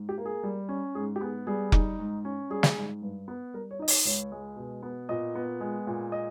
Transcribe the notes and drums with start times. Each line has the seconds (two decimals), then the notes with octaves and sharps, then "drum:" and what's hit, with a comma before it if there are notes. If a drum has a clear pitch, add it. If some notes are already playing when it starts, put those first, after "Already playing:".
Already playing: G#2
0.09 G4
0.18 A#3
0.25 G#4
0.43 G3
0.69 C#4
0.95 G#2 G#4
1.16 G4
1.20 B3 G#4
1.47 G3 G#4
1.72 D#4, drum: kick F1
1.99 G#2
2.25 C#4
2.50 G3 G#4
2.63 drum: snare
2.76 G#2
3.02 G2
3.28 B3
3.54 G3 A#4
3.71 C#5
3.79 D#4 D#5
3.88 C#5, drum: open hi-hat
4.05 C#2 C#5
4.32 G#3
4.57 B2
4.83 B3
5.09 A#2 D#5
5.35 B3
5.61 G#3
5.87 A#2
6.12 D#5